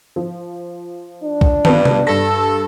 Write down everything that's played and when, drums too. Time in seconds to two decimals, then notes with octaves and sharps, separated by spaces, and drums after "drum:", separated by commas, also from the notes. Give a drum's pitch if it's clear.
0.16 F3
1.24 D4
1.41 drum: kick
1.65 G2 B3 B4 A5, drum: tom
1.85 drum: tom C3
2.07 G2 A4 A#6